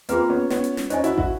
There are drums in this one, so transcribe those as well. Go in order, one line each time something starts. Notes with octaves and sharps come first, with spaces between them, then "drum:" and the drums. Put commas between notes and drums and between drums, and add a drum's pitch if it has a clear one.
A#3 C4 F4 G#4 B4, drum: hi-hat
B3 C#4
B3 C#4, drum: snare
drum: hi-hat
drum: snare
C#4 D#4 C5 D#5 G#5, drum: hi-hat
E4 F#4, drum: hi-hat
E4 F#4, drum: kick